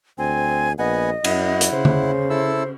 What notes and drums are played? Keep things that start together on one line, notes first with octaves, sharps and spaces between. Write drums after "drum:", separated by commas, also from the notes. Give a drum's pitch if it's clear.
D2 C4 G#5
A#1 B3 D#5 F#5 G#5
F#2 E4 F#5, drum: cymbal
drum: hi-hat
C#3 C5
drum: tom D3
E4 A4 E6